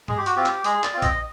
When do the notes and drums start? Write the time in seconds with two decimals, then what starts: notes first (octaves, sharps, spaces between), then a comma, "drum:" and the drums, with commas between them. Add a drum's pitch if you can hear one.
0.08 G#3 G#4, drum: tom G2
0.17 G4
0.26 F#4, drum: hi-hat
0.36 C4 F4 G4
0.46 drum: clap
0.64 G#3 G#4, drum: hi-hat
0.84 D5, drum: clap
0.93 C4 F4
1.02 D#5, drum: kick A#1, hi-hat